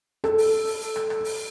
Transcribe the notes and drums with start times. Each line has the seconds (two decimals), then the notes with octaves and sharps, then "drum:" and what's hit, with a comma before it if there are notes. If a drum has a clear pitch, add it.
0.24 A4, drum: rim click
0.38 drum: open hi-hat
0.67 drum: open hi-hat
0.81 drum: hi-hat
0.96 drum: rim click
1.10 drum: rim click
1.25 drum: open hi-hat